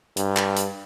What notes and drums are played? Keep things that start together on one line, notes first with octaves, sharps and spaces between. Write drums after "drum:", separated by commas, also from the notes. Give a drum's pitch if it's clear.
G2, drum: hi-hat
drum: clap
drum: hi-hat